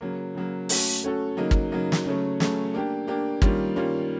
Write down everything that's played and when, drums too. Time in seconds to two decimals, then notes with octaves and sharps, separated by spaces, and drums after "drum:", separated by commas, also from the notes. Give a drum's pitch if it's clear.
0.01 C#3 F#3 A#3
0.35 C#3 F#3 A#3
0.69 A3 C#4 F#4 A4, drum: open hi-hat
1.03 A3 C#4 F#4 A4
1.37 C#3 F#3 A#3 D#4
1.51 drum: kick
1.72 C#3 F#3 A#3 D#4
1.92 drum: snare
2.05 C#3 F#3 A3 C#4
2.40 C#3 F#3 A3 C#4, drum: snare
2.74 A#3 D4 G4
3.07 A#3 D4 G4
3.42 D#3 G3 A#3 C#4 F4, drum: kick
3.76 D#3 G3 A#3 C#4 F4